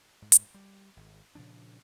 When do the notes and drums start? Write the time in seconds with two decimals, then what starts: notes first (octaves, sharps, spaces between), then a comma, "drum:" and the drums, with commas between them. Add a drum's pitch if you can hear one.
0.22 G#2
0.32 drum: hi-hat
0.54 G3
0.97 G#1
1.35 A#2 C#3 F3 D4